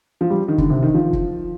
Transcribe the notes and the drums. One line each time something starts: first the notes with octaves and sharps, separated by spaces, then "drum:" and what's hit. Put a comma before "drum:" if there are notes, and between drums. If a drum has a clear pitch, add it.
F3
G3
D#3
D3, drum: kick
C3
D#3
F3
drum: kick